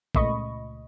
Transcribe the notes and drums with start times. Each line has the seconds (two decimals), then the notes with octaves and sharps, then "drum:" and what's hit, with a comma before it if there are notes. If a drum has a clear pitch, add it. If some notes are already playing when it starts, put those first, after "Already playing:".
0.15 C#2 A#2 A3 D#5 B5 C#6, drum: kick